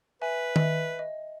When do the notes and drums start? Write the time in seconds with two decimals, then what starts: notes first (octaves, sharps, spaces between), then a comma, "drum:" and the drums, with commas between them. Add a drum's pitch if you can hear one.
0.22 B4 E5 G#5
0.56 D#5, drum: tom D#3
0.60 E5
0.99 D#5